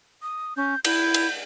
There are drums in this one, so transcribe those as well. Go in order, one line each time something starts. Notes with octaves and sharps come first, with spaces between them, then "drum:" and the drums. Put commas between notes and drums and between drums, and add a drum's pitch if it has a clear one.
D#6
C#4 G6
E4 G6, drum: cymbal
drum: cymbal